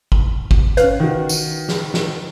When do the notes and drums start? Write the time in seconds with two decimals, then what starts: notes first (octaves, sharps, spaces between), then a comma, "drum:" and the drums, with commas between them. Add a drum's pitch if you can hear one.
0.12 drum: kick
0.51 drum: kick
0.77 C#4 B4 F5, drum: hi-hat
1.00 D#3 F#4
1.29 drum: tambourine
1.69 drum: snare
1.94 drum: snare